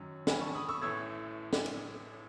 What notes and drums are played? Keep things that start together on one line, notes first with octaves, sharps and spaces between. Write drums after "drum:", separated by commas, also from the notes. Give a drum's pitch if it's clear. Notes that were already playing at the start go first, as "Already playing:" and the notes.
Already playing: F#2 D#3 F#3 C#4
G#5 B5, drum: snare
A5 C#6
B5 D#6
C#6 E6
A1 A2 E3 A3 C#4 E6 G#6
drum: snare
drum: cymbal